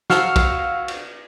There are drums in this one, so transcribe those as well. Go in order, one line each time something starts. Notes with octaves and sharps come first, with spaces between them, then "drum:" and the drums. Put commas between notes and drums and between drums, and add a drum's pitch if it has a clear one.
F#4 F5 C#6 E6 F6, drum: snare
drum: kick, cymbal
drum: cymbal